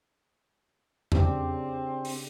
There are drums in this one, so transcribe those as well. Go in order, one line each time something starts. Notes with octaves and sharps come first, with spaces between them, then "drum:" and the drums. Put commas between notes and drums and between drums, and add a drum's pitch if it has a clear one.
C#3 C4 D4 G4, drum: tom E2
drum: open hi-hat